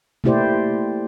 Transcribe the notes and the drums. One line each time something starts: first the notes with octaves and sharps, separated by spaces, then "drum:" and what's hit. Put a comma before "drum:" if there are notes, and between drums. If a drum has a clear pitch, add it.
A3 A#3 E4 G4 C5 D5, drum: tom B2